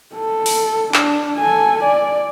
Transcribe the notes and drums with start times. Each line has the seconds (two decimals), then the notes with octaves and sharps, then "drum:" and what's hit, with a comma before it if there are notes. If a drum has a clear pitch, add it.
0.15 A4
0.46 drum: open hi-hat
0.94 D4, drum: clap
1.38 A4 G#5
1.84 D5